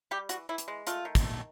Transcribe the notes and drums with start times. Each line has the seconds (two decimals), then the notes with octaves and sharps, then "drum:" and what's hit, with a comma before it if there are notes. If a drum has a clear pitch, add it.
0.11 G3 G4
0.29 E3 F#4, drum: hi-hat
0.49 E3 E4
0.58 drum: hi-hat
0.68 G#3
0.87 A3 F4, drum: hi-hat
1.05 D#3
1.15 drum: kick, hi-hat
1.24 A3